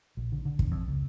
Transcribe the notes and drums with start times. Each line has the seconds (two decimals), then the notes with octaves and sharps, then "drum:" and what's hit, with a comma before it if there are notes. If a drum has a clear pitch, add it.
0.17 A#1
0.32 D3
0.45 D3
0.59 E2, drum: kick
0.71 F2
0.88 C#2